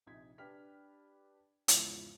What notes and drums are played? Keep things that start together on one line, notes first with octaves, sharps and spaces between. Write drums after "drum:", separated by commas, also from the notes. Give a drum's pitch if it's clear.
A#1 C3 D#4 G#6 B6
D4 G4 B4 F6 B6
E2 G#2 C#3 E3 F3, drum: hi-hat